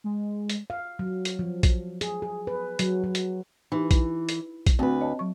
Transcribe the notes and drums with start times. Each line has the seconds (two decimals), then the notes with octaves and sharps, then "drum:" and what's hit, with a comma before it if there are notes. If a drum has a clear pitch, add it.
0.04 G#3
0.50 drum: hi-hat
0.70 F5
0.99 F#3
1.25 drum: hi-hat
1.39 F3
1.63 drum: kick A#1, hi-hat
2.01 G#4, drum: hi-hat
2.22 G#4
2.47 B4
2.79 F#3, drum: hi-hat
3.04 F#3
3.15 drum: hi-hat
3.72 E3 D#4 G4
3.91 drum: kick A#1, hi-hat
4.29 drum: hi-hat
4.66 drum: kick A#1, hi-hat
4.79 D2 C4 F#4 B4
5.00 C#5 D#5 A5
5.19 F#3 C#6